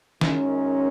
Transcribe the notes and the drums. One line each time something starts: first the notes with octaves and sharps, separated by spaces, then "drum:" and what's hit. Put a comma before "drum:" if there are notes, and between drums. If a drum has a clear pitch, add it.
F#2 D#3 G#3 C#4, drum: snare